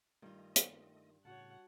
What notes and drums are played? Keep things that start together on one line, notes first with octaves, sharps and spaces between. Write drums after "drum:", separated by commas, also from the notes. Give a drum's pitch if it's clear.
G2 D#3 A3 F4 D#5
drum: hi-hat
A2 C#3 F#4 C#5 F#5 A5